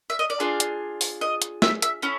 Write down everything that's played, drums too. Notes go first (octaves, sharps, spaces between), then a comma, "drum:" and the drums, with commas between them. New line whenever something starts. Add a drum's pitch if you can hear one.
E5
D#5
D5
D4 F4 G#4
drum: hi-hat
drum: open hi-hat
D#5
drum: hi-hat
E5, drum: snare
E5, drum: hi-hat
C#4 E4 A4